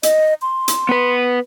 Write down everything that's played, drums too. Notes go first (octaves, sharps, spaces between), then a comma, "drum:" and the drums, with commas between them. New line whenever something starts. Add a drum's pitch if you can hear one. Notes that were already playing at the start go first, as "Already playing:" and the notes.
D#5, drum: hi-hat
C6
drum: hi-hat
B3 B4